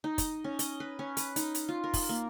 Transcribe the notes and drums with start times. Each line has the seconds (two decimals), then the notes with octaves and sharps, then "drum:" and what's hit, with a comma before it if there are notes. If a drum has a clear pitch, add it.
0.04 D#4
0.18 D#5, drum: kick, hi-hat
0.44 C#4
0.59 D#5, drum: hi-hat
0.80 B4
0.99 C#4
1.17 B4, drum: hi-hat
1.36 D#4, drum: hi-hat
1.55 drum: hi-hat
1.69 F4
1.84 A#4
1.94 drum: kick, open hi-hat
2.09 A#3